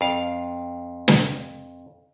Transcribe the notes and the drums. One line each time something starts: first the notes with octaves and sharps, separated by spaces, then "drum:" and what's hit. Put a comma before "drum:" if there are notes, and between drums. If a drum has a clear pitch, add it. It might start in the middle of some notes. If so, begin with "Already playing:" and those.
F2 F5
drum: snare